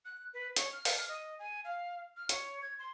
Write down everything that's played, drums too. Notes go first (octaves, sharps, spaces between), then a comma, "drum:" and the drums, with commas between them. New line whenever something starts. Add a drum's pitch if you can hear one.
F#6
B4
C#5, drum: hi-hat
F6
drum: open hi-hat
D#5
G#5
F5
F6
C#5, drum: hi-hat
G#6
C6